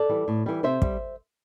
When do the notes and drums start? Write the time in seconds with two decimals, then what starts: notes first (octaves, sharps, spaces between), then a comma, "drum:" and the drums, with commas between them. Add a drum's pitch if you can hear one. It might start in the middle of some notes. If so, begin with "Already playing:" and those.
Already playing: A4 D5
0.09 E3 G3
0.28 A2
0.46 E3 G3
0.63 C3 C5 E5
0.82 G3, drum: kick